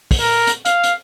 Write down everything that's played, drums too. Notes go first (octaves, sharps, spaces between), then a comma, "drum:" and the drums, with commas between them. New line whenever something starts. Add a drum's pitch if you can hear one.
drum: kick, open hi-hat
A#4
drum: hi-hat
F5, drum: hi-hat
drum: hi-hat